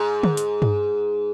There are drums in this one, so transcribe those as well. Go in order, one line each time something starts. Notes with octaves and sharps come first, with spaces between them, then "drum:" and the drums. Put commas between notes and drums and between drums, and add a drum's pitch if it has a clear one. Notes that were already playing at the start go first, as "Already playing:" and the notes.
Already playing: G#2
drum: tom D3
drum: hi-hat
drum: tom G2